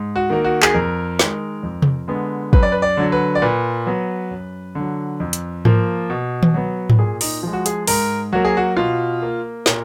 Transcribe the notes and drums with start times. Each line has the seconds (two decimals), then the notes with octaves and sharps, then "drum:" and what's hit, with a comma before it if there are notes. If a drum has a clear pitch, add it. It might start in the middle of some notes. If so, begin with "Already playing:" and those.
Already playing: G#2
0.16 F#4
0.30 D#3 A#3
0.44 F#4
0.62 G#4, drum: clap
0.74 F2 A#4
1.19 D#3 G#3, drum: snare
1.63 F2
1.82 drum: tom C3
2.08 D3 G#3 B3
2.53 F#2 B4, drum: kick
2.63 D5
2.72 B4
2.82 D5
2.97 D3 F#3
3.12 B4
3.35 D5
3.42 A#2 B4
3.87 F#3 B3
4.31 F#2
4.75 D3 F#3
5.20 F2
5.33 drum: hi-hat
5.65 F3 A#3, drum: tom G#2
6.10 B2
6.43 drum: tom D#3
6.54 F#3 B3
6.90 drum: tom G#2
6.99 A#2 G#4
7.21 D#4, drum: open hi-hat
7.43 F3 G#3
7.53 F#4
7.66 G#4, drum: hi-hat
7.87 G#2 A#4, drum: open hi-hat
8.32 F#3 A#3 F#4
8.45 G#4
8.57 F#4
8.77 B2 F4
9.22 A#3
9.66 A#2 A#4, drum: snare